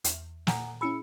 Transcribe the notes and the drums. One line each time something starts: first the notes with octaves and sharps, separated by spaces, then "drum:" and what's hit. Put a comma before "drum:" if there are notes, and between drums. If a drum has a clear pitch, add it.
E2, drum: hi-hat
A#2 F#5 G#5 A#5, drum: snare
C#4 E4 G#4 B5 E6 C#7